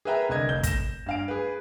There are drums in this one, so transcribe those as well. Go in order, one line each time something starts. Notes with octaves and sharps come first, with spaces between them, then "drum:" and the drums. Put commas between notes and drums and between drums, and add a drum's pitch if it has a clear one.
G#4 A#4 B4 E5 G5 A#5
C2 D3 A#4 D#5 G#6
F1 G6 G7
A#6 E7, drum: kick, hi-hat
G2 F5 D7
G#4 B4